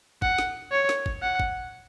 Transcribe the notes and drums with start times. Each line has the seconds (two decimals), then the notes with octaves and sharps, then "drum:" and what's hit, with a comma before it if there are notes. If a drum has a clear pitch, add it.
0.22 F#5, drum: kick
0.38 drum: snare
0.72 C#5
0.89 drum: snare
1.06 drum: kick
1.23 F#5
1.40 drum: kick